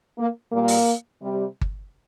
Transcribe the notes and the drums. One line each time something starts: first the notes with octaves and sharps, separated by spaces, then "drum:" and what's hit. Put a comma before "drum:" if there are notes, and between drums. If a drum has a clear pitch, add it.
A#3
A#2 G3 A#3
drum: open hi-hat
C3 G3
drum: kick G1